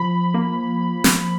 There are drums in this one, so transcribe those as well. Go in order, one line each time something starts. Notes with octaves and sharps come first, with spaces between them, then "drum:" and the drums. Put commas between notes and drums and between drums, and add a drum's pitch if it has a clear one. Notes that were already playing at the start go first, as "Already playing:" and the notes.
Already playing: F3 B5
A#3
drum: snare